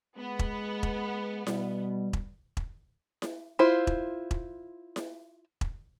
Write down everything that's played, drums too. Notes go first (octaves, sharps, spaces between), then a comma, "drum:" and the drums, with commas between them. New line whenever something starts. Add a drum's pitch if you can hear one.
G#3 B3
drum: kick E1
drum: kick E1
B2 G3, drum: snare E4
drum: kick E1
drum: kick E1
drum: snare E4
E4 F4 C5
drum: kick E1
drum: kick E1
drum: snare E4
drum: kick E1